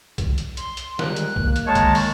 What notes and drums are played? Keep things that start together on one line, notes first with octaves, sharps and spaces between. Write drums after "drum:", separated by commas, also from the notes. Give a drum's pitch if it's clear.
drum: kick, hi-hat
drum: hi-hat
C6, drum: hi-hat
drum: hi-hat
G3 G#3 A#4 F#6, drum: snare
drum: hi-hat
A#3, drum: kick
drum: hi-hat
D#3 G#3 C#5 A5
drum: kick, hi-hat
drum: open hi-hat